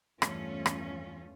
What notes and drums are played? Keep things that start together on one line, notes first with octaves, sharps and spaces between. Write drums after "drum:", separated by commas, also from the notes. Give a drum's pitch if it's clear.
E2 G2 E3 A3 C#4 F4, drum: rim click
drum: rim click